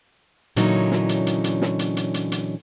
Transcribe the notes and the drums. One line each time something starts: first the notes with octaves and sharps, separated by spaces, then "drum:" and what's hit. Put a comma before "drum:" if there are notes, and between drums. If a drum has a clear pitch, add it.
A#2 D3 E3 F#3 C#4 D#4, drum: hi-hat
drum: snare
drum: hi-hat
drum: hi-hat
drum: hi-hat
drum: snare
drum: hi-hat
drum: hi-hat
drum: hi-hat
drum: hi-hat